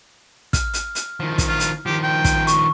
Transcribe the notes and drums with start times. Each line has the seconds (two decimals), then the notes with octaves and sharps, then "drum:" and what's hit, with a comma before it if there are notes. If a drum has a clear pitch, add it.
0.53 F6, drum: kick, hi-hat
0.74 drum: hi-hat
0.95 drum: hi-hat
1.20 D#3 F3
1.38 drum: kick, hi-hat
1.49 F4
1.60 drum: hi-hat
1.86 D#3 F3 G4
2.03 G5
2.25 drum: kick, hi-hat
2.47 C#6, drum: hi-hat